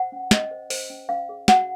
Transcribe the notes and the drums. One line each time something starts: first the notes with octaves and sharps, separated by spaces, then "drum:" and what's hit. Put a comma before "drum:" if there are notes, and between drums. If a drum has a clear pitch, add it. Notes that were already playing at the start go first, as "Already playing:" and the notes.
Already playing: C5 F#5
C#4
C#4 D#5, drum: snare
C5
C5, drum: open hi-hat
C#4
C#4 F5
G#4
F#4 F#5, drum: snare